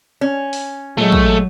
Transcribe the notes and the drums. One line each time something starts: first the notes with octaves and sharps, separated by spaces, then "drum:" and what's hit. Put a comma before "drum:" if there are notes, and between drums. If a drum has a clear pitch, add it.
C#4
drum: open hi-hat
A#2 F#3 G#3 A3
drum: kick